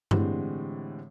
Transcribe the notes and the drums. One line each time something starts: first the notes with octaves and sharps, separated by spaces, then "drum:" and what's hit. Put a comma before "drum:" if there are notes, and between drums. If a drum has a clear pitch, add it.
A2 D3 E3 G3 G#3 C4, drum: tom G2